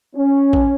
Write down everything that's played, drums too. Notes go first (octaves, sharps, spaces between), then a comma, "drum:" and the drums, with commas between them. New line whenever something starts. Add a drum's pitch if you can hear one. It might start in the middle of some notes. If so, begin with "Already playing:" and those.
C#4
drum: kick A1